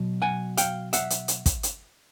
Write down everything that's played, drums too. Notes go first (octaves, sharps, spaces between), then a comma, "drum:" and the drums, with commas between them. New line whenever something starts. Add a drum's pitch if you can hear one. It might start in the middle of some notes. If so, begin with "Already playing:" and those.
Already playing: B2 F#3
F#5 G#5
F5 G5, drum: hi-hat
E5 F#5, drum: hi-hat
drum: hi-hat
drum: hi-hat
drum: kick, hi-hat
drum: hi-hat